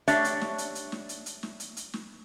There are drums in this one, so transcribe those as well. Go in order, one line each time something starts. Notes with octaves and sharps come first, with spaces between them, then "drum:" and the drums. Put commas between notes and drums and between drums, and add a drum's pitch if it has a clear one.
A3 D4 G4 C#5 D5 E5, drum: hi-hat
drum: hi-hat
drum: snare
drum: hi-hat
drum: hi-hat
drum: snare
drum: hi-hat
drum: hi-hat
drum: snare
drum: hi-hat
drum: hi-hat
drum: snare